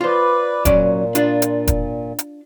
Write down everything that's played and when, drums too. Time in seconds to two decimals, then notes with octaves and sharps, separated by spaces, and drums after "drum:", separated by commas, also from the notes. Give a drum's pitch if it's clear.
0.01 F4 B4 C5 D5
0.65 A#2 F#3 C#4 D5, drum: kick E1, hi-hat
1.15 D4 F4, drum: hi-hat
1.42 drum: hi-hat
1.67 drum: kick E1, hi-hat
2.19 drum: hi-hat